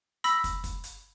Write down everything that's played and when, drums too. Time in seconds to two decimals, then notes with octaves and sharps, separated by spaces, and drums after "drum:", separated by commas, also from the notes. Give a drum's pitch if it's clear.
0.24 B5 E6 A#6 B6 F#7, drum: hi-hat
0.44 drum: kick, hi-hat
0.64 drum: kick, hi-hat
0.84 drum: hi-hat